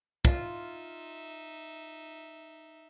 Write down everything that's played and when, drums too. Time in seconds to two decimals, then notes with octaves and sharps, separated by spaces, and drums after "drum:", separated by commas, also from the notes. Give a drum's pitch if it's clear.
0.25 D#4 F4 E5, drum: kick